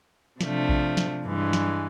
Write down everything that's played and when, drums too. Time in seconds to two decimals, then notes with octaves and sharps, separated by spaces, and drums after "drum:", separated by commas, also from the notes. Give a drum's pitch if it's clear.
0.41 C3 F3 A3 D4, drum: snare
0.69 drum: kick A#1
0.97 drum: snare
1.26 G2 E3 G#3
1.53 drum: snare